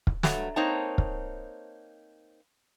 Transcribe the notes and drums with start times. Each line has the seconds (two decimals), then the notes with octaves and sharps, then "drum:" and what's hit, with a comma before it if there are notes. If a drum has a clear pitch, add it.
0.07 drum: kick
0.23 G2 F#3 A3, drum: snare
0.56 A#3 C4 D#4 C#5 A5
0.98 drum: kick